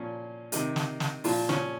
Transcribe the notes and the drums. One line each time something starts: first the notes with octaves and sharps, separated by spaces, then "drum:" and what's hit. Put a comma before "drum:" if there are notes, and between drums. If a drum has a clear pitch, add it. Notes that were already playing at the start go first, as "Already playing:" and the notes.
Already playing: A#2 F3 C#4
C3 D#3, drum: hi-hat
drum: snare
drum: snare
A#2 F3 F4, drum: open hi-hat
C#4, drum: snare